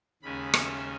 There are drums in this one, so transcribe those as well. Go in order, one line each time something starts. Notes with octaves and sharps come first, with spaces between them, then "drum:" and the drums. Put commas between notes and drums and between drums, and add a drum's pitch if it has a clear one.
D#2 C#3 G#3 C#4 B5
E5, drum: rim click